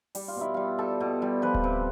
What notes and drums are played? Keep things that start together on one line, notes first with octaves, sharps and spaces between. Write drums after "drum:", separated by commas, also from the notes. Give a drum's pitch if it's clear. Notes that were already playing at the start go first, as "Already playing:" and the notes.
G3 G4, drum: open hi-hat
F4
B2
E4
G3 F4
G3 A4
B2
G3
F3 B4
drum: kick D1
C3